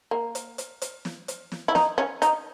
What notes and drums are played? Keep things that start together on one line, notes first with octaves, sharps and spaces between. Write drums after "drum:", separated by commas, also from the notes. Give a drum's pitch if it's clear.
A#3
drum: hi-hat
drum: hi-hat
drum: hi-hat
drum: snare
drum: hi-hat
drum: snare
E4
D#4, drum: snare
C#4
D#4, drum: hi-hat